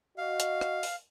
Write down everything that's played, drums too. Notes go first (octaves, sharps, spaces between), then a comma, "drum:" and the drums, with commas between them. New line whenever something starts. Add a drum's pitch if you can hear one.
F#4 D#5 F5
drum: hi-hat
drum: rim click
drum: open hi-hat